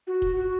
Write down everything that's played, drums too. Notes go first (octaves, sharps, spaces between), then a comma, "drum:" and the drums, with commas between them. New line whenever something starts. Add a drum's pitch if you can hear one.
F#4
drum: kick D#1
F#4